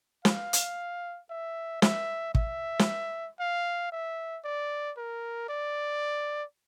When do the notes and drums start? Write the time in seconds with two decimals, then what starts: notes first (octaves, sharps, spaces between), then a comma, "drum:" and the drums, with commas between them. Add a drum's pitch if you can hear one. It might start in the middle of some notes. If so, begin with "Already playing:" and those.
0.25 F5, drum: snare
0.53 drum: hi-hat
1.30 E5
1.82 E5, drum: snare
2.35 E5, drum: kick
2.79 drum: snare
3.40 F5
3.92 E5
4.44 D5
4.97 A#4
5.49 D5